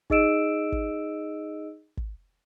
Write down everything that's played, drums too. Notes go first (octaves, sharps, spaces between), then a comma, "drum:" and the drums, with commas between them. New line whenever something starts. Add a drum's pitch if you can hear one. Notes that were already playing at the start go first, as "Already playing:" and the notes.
D#4 G#4 D#5 E6 D7 E7, drum: kick
drum: kick
drum: kick